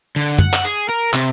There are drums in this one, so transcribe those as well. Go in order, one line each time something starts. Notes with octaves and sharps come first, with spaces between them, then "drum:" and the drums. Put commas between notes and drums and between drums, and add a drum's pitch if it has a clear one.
D3
F#5, drum: tom
drum: clap
G#4
A#4
C3, drum: clap